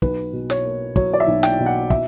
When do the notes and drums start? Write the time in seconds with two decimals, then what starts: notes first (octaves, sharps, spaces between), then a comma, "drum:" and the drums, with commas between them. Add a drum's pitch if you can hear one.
0.02 B1 B4, drum: kick
0.33 B2
0.50 C#5, drum: snare
0.65 A#3
0.96 F#3 C#5, drum: kick
1.13 D5
1.20 E5
1.28 B1
1.43 G5, drum: snare
1.60 B2
1.66 F#5
1.90 E5, drum: kick